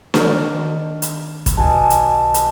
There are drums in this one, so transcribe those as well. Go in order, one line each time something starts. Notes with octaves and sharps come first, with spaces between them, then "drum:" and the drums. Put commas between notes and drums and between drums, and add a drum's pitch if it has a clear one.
D#3 D4 F6, drum: snare
drum: hi-hat
drum: kick, hi-hat
B1 G#5 A5
drum: hi-hat
drum: hi-hat